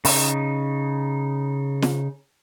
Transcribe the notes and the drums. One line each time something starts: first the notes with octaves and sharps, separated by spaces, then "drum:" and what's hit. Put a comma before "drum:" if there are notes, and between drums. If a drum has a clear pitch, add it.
C#3 D#4, drum: open hi-hat
drum: snare